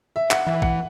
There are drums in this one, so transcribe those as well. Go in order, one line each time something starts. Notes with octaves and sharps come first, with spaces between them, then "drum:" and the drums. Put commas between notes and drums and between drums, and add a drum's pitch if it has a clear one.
E5
F#5, drum: clap
E3 E5
F#5, drum: kick